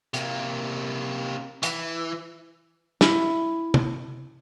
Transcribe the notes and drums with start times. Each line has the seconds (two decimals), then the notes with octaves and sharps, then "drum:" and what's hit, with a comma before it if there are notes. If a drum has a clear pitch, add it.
0.14 C3 A#3, drum: hi-hat
1.63 E3, drum: hi-hat
3.01 E4, drum: snare
3.74 drum: tom